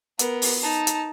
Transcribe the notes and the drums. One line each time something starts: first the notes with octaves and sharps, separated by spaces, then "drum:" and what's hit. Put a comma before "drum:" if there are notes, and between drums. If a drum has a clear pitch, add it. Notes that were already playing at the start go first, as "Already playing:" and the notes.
B3 A#4, drum: hi-hat
drum: open hi-hat
D#4 A5
drum: hi-hat